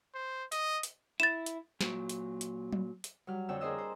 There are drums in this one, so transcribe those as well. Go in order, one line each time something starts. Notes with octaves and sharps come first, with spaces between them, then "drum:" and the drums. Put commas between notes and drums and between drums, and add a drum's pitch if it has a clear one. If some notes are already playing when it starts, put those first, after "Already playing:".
C5
D#5, drum: hi-hat
drum: hi-hat
E4 A6 E7
drum: hi-hat
A#2 F#3, drum: snare
drum: hi-hat
drum: hi-hat
drum: tom F#3
drum: hi-hat
F#3 G3 F6
F2 D3 C#5 G5 E6
D4 G#4 A#4 C5 D#5 E6
C5